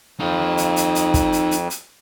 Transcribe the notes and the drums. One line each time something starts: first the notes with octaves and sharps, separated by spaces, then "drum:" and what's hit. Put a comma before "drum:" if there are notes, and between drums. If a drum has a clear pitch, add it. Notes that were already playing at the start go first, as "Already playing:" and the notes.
F2 D#4 F5
drum: hi-hat
drum: hi-hat
drum: hi-hat
drum: kick, hi-hat
drum: hi-hat
drum: hi-hat
drum: hi-hat